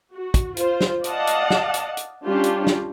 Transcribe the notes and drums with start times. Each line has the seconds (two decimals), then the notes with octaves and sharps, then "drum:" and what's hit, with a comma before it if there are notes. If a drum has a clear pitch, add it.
0.14 F#4
0.34 drum: kick, hi-hat
0.57 F4 C5, drum: hi-hat
0.81 drum: snare
1.04 D5 D#5 F5 F#5 A5, drum: hi-hat
1.27 drum: hi-hat
1.50 drum: snare
1.74 drum: hi-hat
1.97 drum: hi-hat
2.25 G3 C#4 D4 F4 G4
2.44 drum: hi-hat
2.67 drum: snare